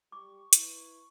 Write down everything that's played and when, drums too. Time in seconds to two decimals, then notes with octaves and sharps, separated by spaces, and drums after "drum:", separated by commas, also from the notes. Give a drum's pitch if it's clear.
0.12 G3 C#6 D6
0.53 E4 B4, drum: hi-hat